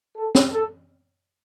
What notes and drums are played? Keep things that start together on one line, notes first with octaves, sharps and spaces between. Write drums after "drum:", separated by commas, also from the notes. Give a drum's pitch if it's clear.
A4
drum: snare
A4